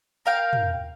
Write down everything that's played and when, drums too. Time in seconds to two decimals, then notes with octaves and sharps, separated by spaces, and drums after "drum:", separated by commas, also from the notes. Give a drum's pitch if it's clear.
0.26 A#4 F5 G5
0.53 drum: tom